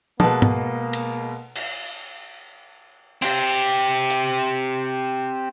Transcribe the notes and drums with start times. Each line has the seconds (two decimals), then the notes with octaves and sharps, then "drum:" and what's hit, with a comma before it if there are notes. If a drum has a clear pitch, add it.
0.20 B2 G#3 A#3 A4 B4, drum: tom
0.42 drum: tom
0.93 drum: cymbal
1.55 drum: cymbal
3.22 C4 G4, drum: cymbal
4.10 drum: hi-hat